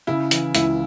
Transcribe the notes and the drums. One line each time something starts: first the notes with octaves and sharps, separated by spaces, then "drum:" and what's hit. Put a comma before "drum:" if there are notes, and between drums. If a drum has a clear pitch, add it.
C#3 E4
E3, drum: hi-hat
C#2 E4, drum: hi-hat